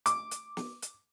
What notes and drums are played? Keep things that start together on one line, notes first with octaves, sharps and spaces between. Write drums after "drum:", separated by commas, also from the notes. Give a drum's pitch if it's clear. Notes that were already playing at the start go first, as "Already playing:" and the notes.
D6, drum: hi-hat
drum: hi-hat
drum: snare
drum: hi-hat